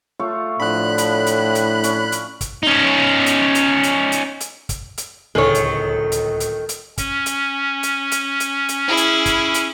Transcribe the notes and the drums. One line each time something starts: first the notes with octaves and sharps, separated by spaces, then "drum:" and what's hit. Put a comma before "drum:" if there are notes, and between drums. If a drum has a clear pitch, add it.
A3 F4 C#5
A2 D3 F3 B5 F#6
drum: hi-hat
drum: hi-hat
drum: hi-hat
C#4, drum: hi-hat
drum: hi-hat
drum: kick, hi-hat
C#4 D#4
drum: hi-hat
drum: hi-hat
drum: hi-hat
drum: hi-hat
drum: hi-hat
drum: kick, hi-hat
drum: hi-hat
D1 C#2 D#3 A3 G#4 A4 C#5 F6
drum: hi-hat
drum: hi-hat
drum: hi-hat
drum: hi-hat
C#4, drum: kick, hi-hat
drum: hi-hat
drum: hi-hat
drum: hi-hat
drum: hi-hat
drum: hi-hat
E4 G#4
drum: hi-hat
drum: kick, hi-hat
drum: hi-hat